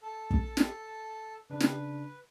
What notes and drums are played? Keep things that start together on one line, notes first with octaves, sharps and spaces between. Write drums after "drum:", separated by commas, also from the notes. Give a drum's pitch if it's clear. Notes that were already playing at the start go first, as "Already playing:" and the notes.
A4 A5
drum: kick
drum: snare
C#3 D4 B4
drum: snare